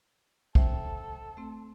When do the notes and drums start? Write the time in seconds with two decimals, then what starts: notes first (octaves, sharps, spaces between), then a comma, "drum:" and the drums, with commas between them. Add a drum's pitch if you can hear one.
0.55 A4 C5 E5 G5, drum: kick
1.37 A3 C4